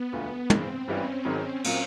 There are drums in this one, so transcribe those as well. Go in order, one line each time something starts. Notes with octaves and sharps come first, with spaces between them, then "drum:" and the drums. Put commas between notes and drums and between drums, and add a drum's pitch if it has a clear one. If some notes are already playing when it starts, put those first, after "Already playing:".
Already playing: B3
E1 D2 D3 F3
G2 E3 G#3 C4, drum: tom
G#1 G2 E3 G3 B3 C#4
G#1 G#2 D#3 F#3
A#2 F#3 A#3, drum: cymbal